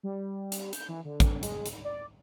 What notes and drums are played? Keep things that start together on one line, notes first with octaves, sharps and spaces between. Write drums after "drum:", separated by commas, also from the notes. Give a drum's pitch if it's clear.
G3
drum: hi-hat
G6, drum: hi-hat
E3
D3
drum: kick, hi-hat
G#3, drum: hi-hat
drum: hi-hat
D5